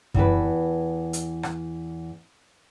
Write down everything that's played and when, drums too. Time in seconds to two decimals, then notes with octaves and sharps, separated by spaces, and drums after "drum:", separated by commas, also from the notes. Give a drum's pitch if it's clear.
0.14 E2 G4 A4 B4, drum: kick F#2
1.13 drum: hi-hat
1.43 drum: rim click